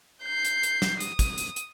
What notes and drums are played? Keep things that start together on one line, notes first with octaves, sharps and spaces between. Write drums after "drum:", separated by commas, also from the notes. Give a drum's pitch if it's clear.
G6 C7
drum: hi-hat
drum: hi-hat
drum: snare
D#6, drum: hi-hat
drum: kick, hi-hat
drum: hi-hat
drum: hi-hat